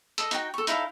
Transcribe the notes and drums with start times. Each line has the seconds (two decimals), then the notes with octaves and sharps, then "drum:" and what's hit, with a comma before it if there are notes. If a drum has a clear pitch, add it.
0.18 A4 D#5, drum: hi-hat
0.31 D#4 F#4 G5, drum: hi-hat
0.54 A4 C#6
0.67 D#4 E4 A4 F5, drum: hi-hat